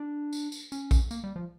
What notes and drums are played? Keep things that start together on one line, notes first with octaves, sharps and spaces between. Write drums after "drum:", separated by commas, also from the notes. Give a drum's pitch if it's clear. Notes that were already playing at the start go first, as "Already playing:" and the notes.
Already playing: D4
drum: tambourine
drum: tambourine
C#4, drum: tambourine
drum: kick, tambourine
A#3, drum: tambourine
G3
F3